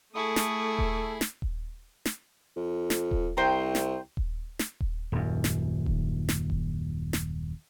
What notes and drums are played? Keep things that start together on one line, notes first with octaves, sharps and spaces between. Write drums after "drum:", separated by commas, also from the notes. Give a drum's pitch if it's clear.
A3 E4 G#4 A4 C#6 D#6
drum: snare
drum: kick D#1
drum: snare
drum: kick D#1
drum: snare
F2
drum: snare
drum: kick D#1
C2 C5 G5 A#5
drum: snare
drum: kick D#1
drum: snare
drum: kick D#1
D#1 F#2
drum: snare
drum: kick D#1
drum: snare
drum: kick D#1
drum: snare